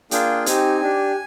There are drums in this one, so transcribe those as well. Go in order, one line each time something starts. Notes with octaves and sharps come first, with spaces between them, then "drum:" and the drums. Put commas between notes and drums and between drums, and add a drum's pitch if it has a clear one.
A#3 D4 F4 G#4 G5, drum: hi-hat
C4 D#4 G4 G#5, drum: hi-hat
D4 G4